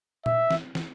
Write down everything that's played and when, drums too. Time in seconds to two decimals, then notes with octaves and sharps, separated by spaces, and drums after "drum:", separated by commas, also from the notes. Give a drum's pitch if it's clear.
0.26 E5, drum: tom A#2
0.50 drum: snare
0.75 drum: snare